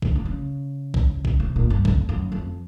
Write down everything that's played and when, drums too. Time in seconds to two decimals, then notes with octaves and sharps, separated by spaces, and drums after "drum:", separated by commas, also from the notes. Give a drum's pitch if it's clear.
0.02 D3, drum: kick A#1
0.16 D3
0.25 C#3
0.94 drum: kick A#1
1.25 drum: kick A#1
1.40 C3
1.56 A#2
1.70 G2
1.85 F2, drum: kick A#1
2.09 F#2
2.32 F2